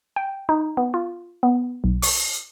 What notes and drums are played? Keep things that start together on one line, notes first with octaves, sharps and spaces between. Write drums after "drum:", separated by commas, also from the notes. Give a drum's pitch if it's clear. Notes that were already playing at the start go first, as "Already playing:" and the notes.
G5
D#4
B3
F4
B3
B1
C#6, drum: open hi-hat